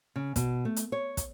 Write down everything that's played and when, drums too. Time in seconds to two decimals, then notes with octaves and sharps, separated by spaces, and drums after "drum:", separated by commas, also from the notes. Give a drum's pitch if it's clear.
0.16 C#3
0.36 B2, drum: kick, hi-hat
0.65 A3
0.76 drum: hi-hat
0.92 C#5
1.17 drum: kick, hi-hat